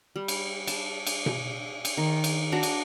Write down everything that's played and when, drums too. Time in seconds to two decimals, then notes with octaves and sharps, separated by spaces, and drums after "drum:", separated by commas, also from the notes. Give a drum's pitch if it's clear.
0.16 G3
0.28 drum: cymbal
0.67 A5, drum: cymbal
1.07 drum: cymbal
1.26 drum: tom B2
1.85 drum: cymbal
1.97 D#3
2.24 drum: cymbal
2.52 D4 F#4 A#5
2.63 drum: cymbal